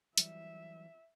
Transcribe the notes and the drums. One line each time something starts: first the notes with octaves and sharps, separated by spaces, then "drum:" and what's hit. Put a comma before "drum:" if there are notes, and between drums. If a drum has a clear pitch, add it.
E3 F#3 G3 E5, drum: hi-hat